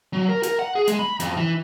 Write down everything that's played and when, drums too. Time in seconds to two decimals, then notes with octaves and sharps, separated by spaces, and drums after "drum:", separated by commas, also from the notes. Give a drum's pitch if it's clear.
0.13 F#3
0.29 A#4
0.43 A#4, drum: hi-hat
0.59 F#5
0.75 G#4
0.87 G#3, drum: hi-hat
0.99 B5
1.20 F2, drum: hi-hat
1.37 E3